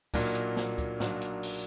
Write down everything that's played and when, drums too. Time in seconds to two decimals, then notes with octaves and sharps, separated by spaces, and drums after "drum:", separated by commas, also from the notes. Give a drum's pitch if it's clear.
0.14 B1 A#2 F#3 A#3 D4, drum: kick, open hi-hat
0.35 drum: hi-hat
0.57 drum: snare
0.78 drum: kick, hi-hat
1.00 B1 A#2 F#3 A#3 D4, drum: snare
1.21 drum: hi-hat
1.43 drum: open hi-hat